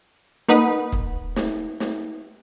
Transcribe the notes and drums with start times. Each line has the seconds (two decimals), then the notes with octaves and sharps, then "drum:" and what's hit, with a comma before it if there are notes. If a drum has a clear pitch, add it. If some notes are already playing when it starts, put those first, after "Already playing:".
0.48 A#3 D#4 B4 F#5 B5 D#6
0.92 drum: kick
1.36 drum: snare
1.80 drum: snare